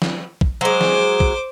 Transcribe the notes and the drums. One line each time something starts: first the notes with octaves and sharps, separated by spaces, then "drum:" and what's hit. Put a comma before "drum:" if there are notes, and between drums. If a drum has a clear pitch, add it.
drum: snare
drum: kick
F#3 G#3 C5 D6
drum: snare
drum: kick